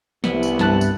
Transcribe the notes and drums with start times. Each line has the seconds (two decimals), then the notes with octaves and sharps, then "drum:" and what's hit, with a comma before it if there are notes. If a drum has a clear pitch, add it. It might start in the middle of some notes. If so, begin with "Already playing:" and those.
0.24 C2 B3 E4, drum: snare
0.43 drum: tambourine
0.59 G2 A5 F#6, drum: snare
0.81 drum: tambourine